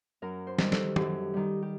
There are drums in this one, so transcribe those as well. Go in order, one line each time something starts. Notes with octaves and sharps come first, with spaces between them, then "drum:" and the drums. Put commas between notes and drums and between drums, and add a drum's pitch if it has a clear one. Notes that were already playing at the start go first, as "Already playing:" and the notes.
F#2 A#4
C5
D#3 G3, drum: snare
A4, drum: snare
F#2 G4, drum: tom
D#3 G3
G4